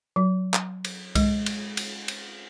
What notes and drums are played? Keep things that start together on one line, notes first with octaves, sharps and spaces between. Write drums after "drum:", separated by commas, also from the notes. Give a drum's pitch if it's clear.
F#3
drum: clap
drum: cymbal
G#3, drum: kick C2, cymbal
drum: cymbal
drum: cymbal
drum: cymbal